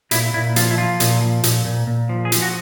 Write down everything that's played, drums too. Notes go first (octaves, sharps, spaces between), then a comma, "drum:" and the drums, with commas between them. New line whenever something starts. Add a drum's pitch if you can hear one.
A#2 E4, drum: hi-hat
A#2 E4
F3 F4, drum: hi-hat
E4
F3 F4
A#2, drum: hi-hat
F3
A#2, drum: hi-hat
A#2
A#2
F3
G#4
F3, drum: hi-hat
F#4